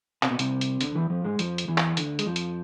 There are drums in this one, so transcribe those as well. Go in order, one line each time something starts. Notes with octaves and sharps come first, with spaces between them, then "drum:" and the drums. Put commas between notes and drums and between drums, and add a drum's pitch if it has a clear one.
C3, drum: clap
B2
C2 C3, drum: hi-hat
drum: hi-hat
D2 D3, drum: hi-hat
E2 E3
F2 F3
G#2 G#3
F2 F3, drum: hi-hat
drum: hi-hat
E2 E3
drum: clap
D2 D3, drum: hi-hat
G#3, drum: hi-hat
F2 F3
drum: hi-hat